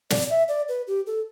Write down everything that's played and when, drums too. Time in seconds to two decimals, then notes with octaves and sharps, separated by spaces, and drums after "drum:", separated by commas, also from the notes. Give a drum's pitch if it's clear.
0.10 D5, drum: snare
0.30 E5
0.48 D5
0.68 B4
0.87 G4
1.07 A4